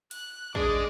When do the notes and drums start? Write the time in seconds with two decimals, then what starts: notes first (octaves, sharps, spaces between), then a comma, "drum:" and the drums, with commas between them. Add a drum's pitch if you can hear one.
0.11 F#6, drum: hi-hat
0.55 G#3 D4 G#4 D#5 D6, drum: kick